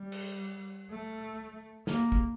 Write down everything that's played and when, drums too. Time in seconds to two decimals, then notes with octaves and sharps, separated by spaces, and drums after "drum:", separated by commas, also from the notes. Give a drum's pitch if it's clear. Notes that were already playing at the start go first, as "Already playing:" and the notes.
Already playing: G3
0.12 drum: cymbal
0.90 A3
1.87 A#3, drum: snare
2.12 drum: kick